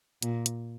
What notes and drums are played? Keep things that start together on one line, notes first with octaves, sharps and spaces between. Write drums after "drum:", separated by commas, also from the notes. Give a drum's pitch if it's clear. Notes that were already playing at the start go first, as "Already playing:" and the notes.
A#2, drum: hi-hat
drum: hi-hat